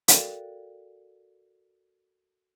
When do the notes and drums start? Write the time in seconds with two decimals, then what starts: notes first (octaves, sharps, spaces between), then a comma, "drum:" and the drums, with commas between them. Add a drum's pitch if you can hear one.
0.08 F#4 A4 A#4 D5 F5 G5, drum: hi-hat